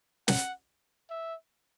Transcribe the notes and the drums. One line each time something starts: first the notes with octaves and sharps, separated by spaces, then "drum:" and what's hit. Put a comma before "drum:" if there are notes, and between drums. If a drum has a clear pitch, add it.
F#5, drum: snare
E5